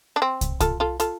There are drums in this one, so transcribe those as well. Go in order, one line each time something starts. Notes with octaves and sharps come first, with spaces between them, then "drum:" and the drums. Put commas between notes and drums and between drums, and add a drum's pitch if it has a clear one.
D4
C4
drum: kick, hi-hat
F4 A4, drum: kick, hi-hat
F4 A4
F4 A4, drum: hi-hat